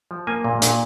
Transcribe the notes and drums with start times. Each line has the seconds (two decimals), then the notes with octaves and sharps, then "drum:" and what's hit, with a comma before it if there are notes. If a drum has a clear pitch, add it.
0.11 F3
0.27 A#3 G#5
0.45 A#2
0.62 A#2, drum: hi-hat